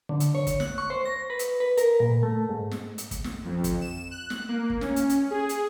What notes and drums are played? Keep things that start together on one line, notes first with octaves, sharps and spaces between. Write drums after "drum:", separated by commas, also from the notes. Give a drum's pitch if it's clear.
D3
drum: hi-hat
C#5
drum: kick, hi-hat
F#6, drum: snare
C#6
C5
A#6
B4
drum: hi-hat
B4
A#4, drum: hi-hat
A#2
A3
G#2
drum: snare
drum: hi-hat
drum: kick, hi-hat
drum: snare
F2
drum: kick, hi-hat
E7
F#6
drum: snare
A#3
drum: kick
C#4, drum: snare
drum: hi-hat
drum: hi-hat
G#4
drum: hi-hat